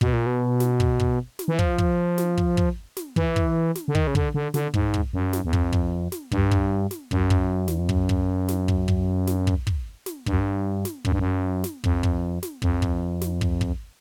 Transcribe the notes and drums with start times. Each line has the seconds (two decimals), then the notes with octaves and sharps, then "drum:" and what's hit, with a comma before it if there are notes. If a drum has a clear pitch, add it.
0.01 B2, drum: kick
0.13 A#2
0.26 B2
0.60 drum: snare
0.80 drum: kick
1.00 drum: kick
1.39 drum: snare
1.48 E3
1.59 F3, drum: kick
1.78 drum: kick
2.18 drum: snare
2.37 drum: kick
2.57 drum: kick
2.97 drum: snare
3.16 E3, drum: kick
3.36 drum: kick
3.75 drum: snare
3.88 D3
3.95 D#3, drum: kick
4.07 C#3
4.15 D3, drum: kick
4.34 D3
4.54 D3, drum: snare
4.74 G#2, drum: kick
4.94 drum: kick
5.13 F#2
5.33 drum: snare
5.45 E2
5.53 F2, drum: kick
5.73 drum: kick
6.12 drum: snare
6.32 G2, drum: kick
6.51 drum: kick
6.91 drum: snare
7.11 F#2, drum: kick
7.30 drum: kick
7.68 E2, drum: snare
7.79 F2
7.89 F#2, drum: kick
8.09 drum: kick
8.48 drum: snare
8.68 drum: kick
8.88 drum: kick
9.27 drum: snare
9.47 drum: kick
9.67 drum: kick
10.06 drum: snare
10.26 G2, drum: kick
10.33 F#2
10.39 G2
10.85 drum: snare
11.05 F#2, drum: kick
11.12 G2
11.19 F#2
11.64 drum: snare
11.84 F2, drum: kick
12.03 drum: kick
12.43 drum: snare
12.62 F2, drum: kick
12.82 drum: kick
13.21 drum: snare
13.41 drum: kick
13.61 drum: kick